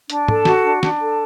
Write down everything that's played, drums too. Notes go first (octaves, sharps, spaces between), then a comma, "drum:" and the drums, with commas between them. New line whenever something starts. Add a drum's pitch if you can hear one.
D4, drum: hi-hat
A4, drum: tom
F#4, drum: snare
D4
D4, drum: snare
A4